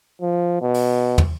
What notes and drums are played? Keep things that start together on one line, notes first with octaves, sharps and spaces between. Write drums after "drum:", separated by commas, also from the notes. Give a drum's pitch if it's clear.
F3
B2
drum: open hi-hat
drum: tom